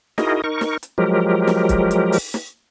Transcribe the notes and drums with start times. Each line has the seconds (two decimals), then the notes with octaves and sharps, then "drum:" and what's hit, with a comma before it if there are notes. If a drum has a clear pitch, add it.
0.18 D#4 E4 F#4 G#4 A#4 D#5, drum: snare
0.44 D#4 A#4 C#6
0.61 drum: snare
0.83 drum: hi-hat
0.98 F3 F#3 G#3 G4 A#4
1.47 drum: snare
1.69 drum: kick, hi-hat
1.91 drum: hi-hat
2.12 drum: open hi-hat
2.34 drum: snare